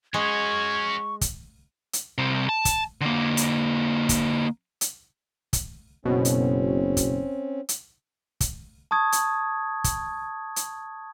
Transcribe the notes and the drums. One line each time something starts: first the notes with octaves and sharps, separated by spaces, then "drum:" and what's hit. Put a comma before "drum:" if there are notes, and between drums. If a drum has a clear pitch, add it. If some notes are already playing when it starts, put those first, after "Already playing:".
G#3 C#4 F#4 C#6 G#6
drum: kick, hi-hat
drum: hi-hat
C2 C3
A5
drum: kick, hi-hat
D3 A#3
drum: hi-hat
drum: kick, hi-hat
drum: hi-hat
drum: kick, hi-hat
F#1 B2 C4 C#4
drum: hi-hat
drum: kick, hi-hat
drum: hi-hat
drum: kick, hi-hat
A5 C#6 D#6 G#6
drum: hi-hat
drum: kick, hi-hat
drum: hi-hat